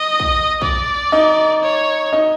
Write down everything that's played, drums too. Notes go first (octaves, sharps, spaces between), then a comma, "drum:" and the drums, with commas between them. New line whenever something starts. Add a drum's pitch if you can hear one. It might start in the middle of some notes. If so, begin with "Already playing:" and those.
Already playing: D#5
drum: kick
D5, drum: kick
D#4
C#5
D#4